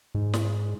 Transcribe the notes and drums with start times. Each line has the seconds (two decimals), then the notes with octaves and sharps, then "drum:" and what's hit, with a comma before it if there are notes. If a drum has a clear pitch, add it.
0.15 G#2
0.34 drum: snare